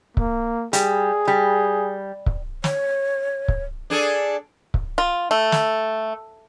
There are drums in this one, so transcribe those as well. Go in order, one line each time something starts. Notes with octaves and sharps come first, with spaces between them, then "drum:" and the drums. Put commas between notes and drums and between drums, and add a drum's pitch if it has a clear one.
A#3, drum: kick C#1
G3 G#4, drum: hi-hat
G3
drum: kick C#1
C#5, drum: snare
drum: kick C#1
D4 G#4 A4
drum: kick C#1
F4
A3
drum: snare